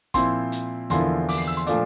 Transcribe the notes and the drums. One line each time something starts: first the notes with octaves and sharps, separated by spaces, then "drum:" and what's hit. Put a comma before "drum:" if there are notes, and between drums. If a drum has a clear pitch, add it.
A#2 F3 C4 E4 C6, drum: kick, hi-hat
drum: hi-hat
E2 D3 F3 A#3 E4 C6, drum: hi-hat
D6, drum: open hi-hat
C7
E6
C6
A#2 F3 A3 D4 D6, drum: hi-hat